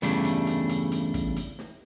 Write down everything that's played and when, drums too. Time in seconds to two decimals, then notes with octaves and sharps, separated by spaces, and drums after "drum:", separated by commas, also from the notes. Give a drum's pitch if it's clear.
0.02 E2 G2 C#3 G3 A3 D4, drum: hi-hat
0.24 drum: hi-hat
0.47 drum: hi-hat
0.69 drum: hi-hat
0.92 drum: hi-hat
1.14 drum: kick, hi-hat
1.36 drum: hi-hat
1.59 drum: snare